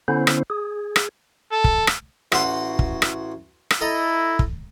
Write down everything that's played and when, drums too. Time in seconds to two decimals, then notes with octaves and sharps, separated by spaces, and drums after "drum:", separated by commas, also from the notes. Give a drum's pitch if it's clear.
0.08 D3 B3 C#4 E4 C5
0.27 drum: rim click
0.50 G#4
0.96 drum: rim click
1.52 A4
1.64 drum: kick
1.87 drum: rim click
2.32 A1 F#4 C6, drum: rim click
2.79 drum: kick
3.02 drum: rim click
3.70 drum: rim click
3.81 E4 A4 D#5 A#5
4.39 drum: kick